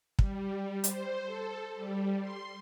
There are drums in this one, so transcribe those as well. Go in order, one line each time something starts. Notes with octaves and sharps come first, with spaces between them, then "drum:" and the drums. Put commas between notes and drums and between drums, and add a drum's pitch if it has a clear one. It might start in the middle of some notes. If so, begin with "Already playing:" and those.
G3, drum: kick
C5, drum: hi-hat
A4
G3
C6